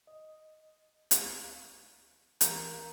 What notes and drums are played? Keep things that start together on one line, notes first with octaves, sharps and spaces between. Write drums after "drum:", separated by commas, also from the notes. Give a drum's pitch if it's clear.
D#5
drum: hi-hat
E3 A#4 A#5 G6, drum: hi-hat